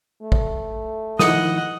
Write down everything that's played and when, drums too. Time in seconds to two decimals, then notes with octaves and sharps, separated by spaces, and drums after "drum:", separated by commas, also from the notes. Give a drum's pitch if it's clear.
0.23 A3
0.32 drum: kick
1.19 D#3 F3 E4 D#5 F#5 D#6 C#7, drum: snare